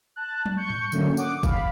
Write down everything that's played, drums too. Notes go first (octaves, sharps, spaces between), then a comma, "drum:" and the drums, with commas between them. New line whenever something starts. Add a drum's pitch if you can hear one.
A5 F#6
drum: tom F#3
C#6 G6 C#7
drum: tom G#2
D3 F#3 A3 A#3 C#4, drum: tambourine
F#5 D6 D#6, drum: tambourine
F5 B5, drum: kick, tambourine